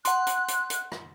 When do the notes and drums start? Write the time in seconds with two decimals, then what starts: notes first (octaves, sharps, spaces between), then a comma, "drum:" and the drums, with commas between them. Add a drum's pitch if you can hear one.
0.05 F#5 C6 F#6, drum: hi-hat
0.27 drum: hi-hat
0.48 drum: hi-hat
0.70 drum: hi-hat
0.92 drum: rim click